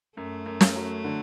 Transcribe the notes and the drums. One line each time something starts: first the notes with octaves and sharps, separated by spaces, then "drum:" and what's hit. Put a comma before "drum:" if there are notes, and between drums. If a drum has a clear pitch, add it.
F#2 A3
F#2
drum: snare
F#3
D3